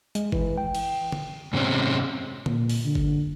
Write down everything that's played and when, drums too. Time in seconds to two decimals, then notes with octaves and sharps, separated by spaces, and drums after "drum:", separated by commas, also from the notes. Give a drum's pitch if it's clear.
0.15 G#3, drum: hi-hat
0.32 E3, drum: kick G1
0.58 G5
0.75 drum: cymbal
1.12 drum: tom
1.53 G#2 C3 C4 C#4
2.46 A#2, drum: tom
2.69 drum: open hi-hat
2.85 D3
2.95 drum: kick G1